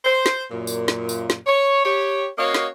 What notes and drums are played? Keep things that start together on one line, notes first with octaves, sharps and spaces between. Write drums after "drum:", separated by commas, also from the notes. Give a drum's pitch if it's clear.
C5
drum: snare
F#2 A#2
drum: tambourine
drum: snare
drum: tambourine
drum: snare
C#5
G4 C#5
A#3 C#4 F#4 C#5 D#5 F5
drum: snare